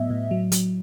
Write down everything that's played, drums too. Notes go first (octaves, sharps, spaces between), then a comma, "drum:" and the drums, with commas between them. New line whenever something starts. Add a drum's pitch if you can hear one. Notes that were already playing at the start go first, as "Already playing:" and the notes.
Already playing: A2 F#3 B3 D#5 E5
A2
F#3
F#3, drum: hi-hat